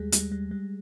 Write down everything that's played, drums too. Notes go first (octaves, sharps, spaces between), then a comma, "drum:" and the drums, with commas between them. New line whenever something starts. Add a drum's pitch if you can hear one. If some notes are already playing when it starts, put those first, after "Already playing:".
Already playing: D#2 G3 G#3 G#4
G3, drum: hi-hat
G3
G3